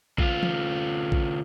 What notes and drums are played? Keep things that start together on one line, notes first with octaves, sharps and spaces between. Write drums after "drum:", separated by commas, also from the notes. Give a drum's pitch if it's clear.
D2 F4, drum: kick
drum: tom E3
drum: kick